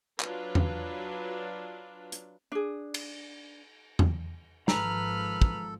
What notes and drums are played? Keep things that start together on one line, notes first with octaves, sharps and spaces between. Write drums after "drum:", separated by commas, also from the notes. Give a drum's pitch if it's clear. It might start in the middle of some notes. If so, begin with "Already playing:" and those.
F#3 D4 F4 B4, drum: clap
drum: tom E2
drum: hi-hat
D4 G#4
drum: cymbal
drum: tom E2
G#1 F3 A4 B4 A#5 F6, drum: snare
drum: kick